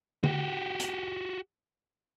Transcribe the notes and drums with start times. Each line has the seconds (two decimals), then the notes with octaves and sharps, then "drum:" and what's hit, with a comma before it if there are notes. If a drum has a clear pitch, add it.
0.24 F#4 G4, drum: tom
0.80 drum: hi-hat